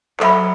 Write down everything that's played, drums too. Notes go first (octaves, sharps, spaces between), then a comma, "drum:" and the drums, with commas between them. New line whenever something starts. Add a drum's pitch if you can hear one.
F#3 A4 E5 B5, drum: clap